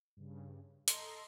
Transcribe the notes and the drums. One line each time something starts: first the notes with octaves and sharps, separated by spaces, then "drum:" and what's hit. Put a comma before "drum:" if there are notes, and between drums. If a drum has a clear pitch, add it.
G2 C#3
A4 D#5 A#5 C6, drum: hi-hat